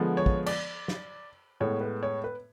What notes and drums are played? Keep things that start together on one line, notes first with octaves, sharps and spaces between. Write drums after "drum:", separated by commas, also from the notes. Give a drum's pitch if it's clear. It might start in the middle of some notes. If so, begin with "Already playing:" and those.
Already playing: D3 F3 G#3 B3
C#5
drum: kick
D5, drum: cymbal
drum: snare
A2 G#3 B3 C#5
B4
C#5
B4